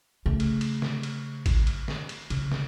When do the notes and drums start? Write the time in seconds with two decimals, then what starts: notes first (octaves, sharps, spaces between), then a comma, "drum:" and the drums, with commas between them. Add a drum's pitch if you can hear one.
0.26 C#3 A3
0.40 drum: cymbal
0.61 drum: cymbal
0.82 drum: snare
1.03 drum: cymbal
1.46 drum: kick G#1, cymbal
1.67 drum: cymbal
1.88 drum: snare
2.09 drum: cymbal
2.30 C#3, drum: cymbal
2.52 drum: snare